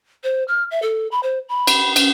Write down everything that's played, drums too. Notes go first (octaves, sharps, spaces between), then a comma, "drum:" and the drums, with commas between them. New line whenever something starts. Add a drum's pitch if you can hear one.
C5
F6
E5
A4
B5
C5
B5
drum: cymbal
C#4, drum: cymbal